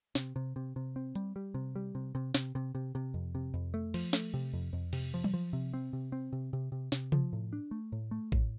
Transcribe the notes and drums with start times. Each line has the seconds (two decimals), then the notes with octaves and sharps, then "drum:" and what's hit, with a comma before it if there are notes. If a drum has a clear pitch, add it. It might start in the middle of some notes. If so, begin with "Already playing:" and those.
0.15 C3, drum: snare
0.36 C3
0.56 C3
0.76 C3
0.96 C4
1.15 G3, drum: hi-hat
1.36 G3
1.54 C3
1.76 G3
1.95 C3
2.15 C3
2.35 C3, drum: snare
2.55 C3
2.75 C3
2.95 C3
3.14 F2
3.35 C3
3.54 F2
3.74 A3
3.94 F3, drum: cymbal
4.13 A3, drum: snare
4.34 C3
4.53 F2
4.73 F2
4.93 C3, drum: cymbal
5.14 F3
5.24 drum: tom F#3
5.34 F3
5.53 C3
5.73 C4
5.93 C3
6.12 C4
6.33 C3
6.53 C3
6.72 C3
6.92 C3, drum: snare
7.12 F3, drum: tom C3
7.33 A2
7.53 D4
7.71 A3
7.92 A2
8.11 A3
8.32 A2, drum: kick A1